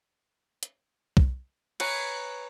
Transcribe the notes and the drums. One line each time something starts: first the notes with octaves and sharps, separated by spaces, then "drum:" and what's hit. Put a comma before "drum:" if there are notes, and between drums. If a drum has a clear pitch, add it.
drum: hi-hat
drum: kick B1
B4 C#5 G#5 A#5, drum: cymbal